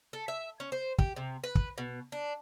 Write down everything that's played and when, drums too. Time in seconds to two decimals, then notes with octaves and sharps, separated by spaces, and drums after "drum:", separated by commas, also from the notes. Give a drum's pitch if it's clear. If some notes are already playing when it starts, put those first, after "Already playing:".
0.13 A4
0.28 E5
0.60 C#4
0.72 C5
0.98 G4, drum: kick
1.16 C3
1.44 B4
1.55 drum: kick
1.78 B2
2.12 D4